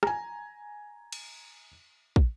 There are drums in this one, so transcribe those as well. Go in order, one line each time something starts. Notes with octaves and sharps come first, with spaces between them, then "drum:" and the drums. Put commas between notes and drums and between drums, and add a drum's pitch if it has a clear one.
G#5 A#5, drum: rim click
drum: cymbal
drum: kick